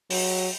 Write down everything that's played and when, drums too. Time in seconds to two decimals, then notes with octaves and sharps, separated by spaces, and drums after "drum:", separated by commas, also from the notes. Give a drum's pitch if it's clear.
0.10 F#3, drum: open hi-hat